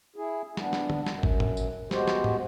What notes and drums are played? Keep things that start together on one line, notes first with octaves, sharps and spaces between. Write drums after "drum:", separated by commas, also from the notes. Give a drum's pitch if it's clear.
E4 G#4
B3 D4, drum: snare
drum: snare
drum: tom D3
F#2, drum: snare
drum: kick G#1
drum: tom
drum: tambourine
G#3 B3 F#4 G4 C5, drum: snare
drum: snare
drum: tom